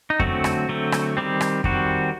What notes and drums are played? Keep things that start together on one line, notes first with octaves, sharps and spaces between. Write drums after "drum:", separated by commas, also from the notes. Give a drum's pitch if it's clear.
D#4
D3 F#3 A3 C4 F#4, drum: kick F2
drum: rim click
D3 F#3 A3 C4
drum: rim click
D#3 G3 C4
drum: rim click
D#3 G3 C4 F#4, drum: kick F2